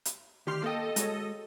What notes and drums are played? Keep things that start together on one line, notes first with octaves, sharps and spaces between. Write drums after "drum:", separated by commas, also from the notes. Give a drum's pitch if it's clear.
drum: hi-hat
D2 D#3 G4 C6 F6 C7
A#3 A4 D#5 G5
G#3 F#4 C#5, drum: hi-hat